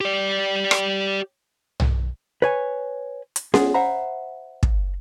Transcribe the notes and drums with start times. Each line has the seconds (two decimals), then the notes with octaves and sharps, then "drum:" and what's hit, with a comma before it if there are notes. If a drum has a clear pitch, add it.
0.01 G4 D5
0.71 drum: rim click
1.80 drum: tom B1
2.42 B4 C#5 G#5
3.36 drum: hi-hat
3.54 B3 F4 G#4, drum: snare C#4
3.74 C5 E5 F#5 A#5 B5
4.63 drum: kick